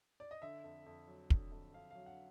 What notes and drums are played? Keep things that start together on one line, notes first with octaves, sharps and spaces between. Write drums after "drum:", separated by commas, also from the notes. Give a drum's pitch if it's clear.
D5
D#5
D3 E5
F2
F2
F#3
D3, drum: kick
F2
F2 F5
F#3 F5
F#5